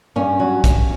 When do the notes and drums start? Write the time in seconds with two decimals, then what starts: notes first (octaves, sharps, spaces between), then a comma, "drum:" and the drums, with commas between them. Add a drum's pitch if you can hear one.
0.16 G2 C#4
0.39 F#3
0.64 drum: kick, hi-hat